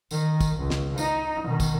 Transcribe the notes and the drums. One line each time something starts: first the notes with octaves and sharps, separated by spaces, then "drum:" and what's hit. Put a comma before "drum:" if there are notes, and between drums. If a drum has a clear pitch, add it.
D#3, drum: tambourine
drum: kick, tambourine
C#2
drum: snare
D#4, drum: tambourine
B2 D#3
drum: kick, tambourine